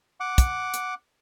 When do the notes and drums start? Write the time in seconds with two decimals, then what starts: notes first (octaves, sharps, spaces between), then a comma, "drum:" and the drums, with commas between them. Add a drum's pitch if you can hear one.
0.20 F#5 D6
0.38 drum: kick, hi-hat
0.74 drum: hi-hat